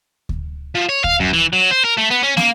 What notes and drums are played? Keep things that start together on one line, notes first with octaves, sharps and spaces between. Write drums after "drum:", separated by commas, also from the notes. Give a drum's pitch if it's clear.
drum: kick D2
F3
C#5
F5, drum: kick D2
F#2
E3
F#3
C5
A#4
A3
B3
C#4
A#3, drum: snare